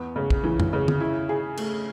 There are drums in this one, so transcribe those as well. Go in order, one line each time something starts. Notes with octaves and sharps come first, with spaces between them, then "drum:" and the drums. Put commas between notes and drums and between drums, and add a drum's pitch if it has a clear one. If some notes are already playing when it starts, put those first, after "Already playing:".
Already playing: E2 B3
C#3
drum: kick
E3
drum: tom F2
C#3
drum: tom D3
E4
G#4
A3, drum: cymbal